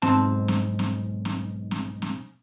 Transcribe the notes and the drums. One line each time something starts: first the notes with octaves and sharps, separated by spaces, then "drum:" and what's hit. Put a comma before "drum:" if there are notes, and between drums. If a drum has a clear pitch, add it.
B1 G#2 C4 A5, drum: snare
drum: snare
drum: snare
drum: snare
drum: snare
drum: snare